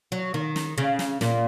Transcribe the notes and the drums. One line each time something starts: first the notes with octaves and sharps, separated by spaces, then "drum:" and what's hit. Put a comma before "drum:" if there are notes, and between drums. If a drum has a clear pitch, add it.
F#3
D#3
drum: snare
C#3
drum: snare
A#2, drum: snare